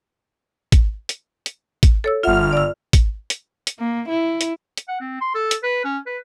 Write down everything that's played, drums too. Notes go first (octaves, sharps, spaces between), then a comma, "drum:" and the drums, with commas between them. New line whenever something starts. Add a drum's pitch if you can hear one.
drum: kick, hi-hat
drum: hi-hat
drum: hi-hat
drum: kick, hi-hat
A4 C#5 E6
G1 F4 E5 F#5 F6
D5 E6
drum: kick, hi-hat
drum: hi-hat
drum: hi-hat
A#3
E4
drum: hi-hat
drum: hi-hat
F#5
C4
C6
A4
drum: hi-hat
B4
C#4
B4